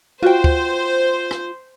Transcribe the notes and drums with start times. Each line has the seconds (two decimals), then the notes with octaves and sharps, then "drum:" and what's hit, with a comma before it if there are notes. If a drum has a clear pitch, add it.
0.23 F4 F#4 C5 G5
0.44 drum: kick
1.31 drum: rim click